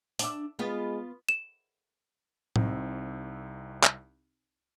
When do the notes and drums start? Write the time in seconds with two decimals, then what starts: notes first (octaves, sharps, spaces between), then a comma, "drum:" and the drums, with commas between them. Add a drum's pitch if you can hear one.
0.19 D4 E5, drum: open hi-hat
0.59 G#3 B3 F4
1.29 E7
2.56 C2 C4 D#4, drum: tom A2
3.83 drum: clap